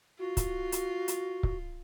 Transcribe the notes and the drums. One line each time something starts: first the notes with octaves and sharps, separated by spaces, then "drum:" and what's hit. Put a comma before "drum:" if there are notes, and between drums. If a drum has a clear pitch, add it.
F4 F#4
drum: kick C#1, hi-hat
drum: hi-hat
drum: hi-hat
drum: kick C#1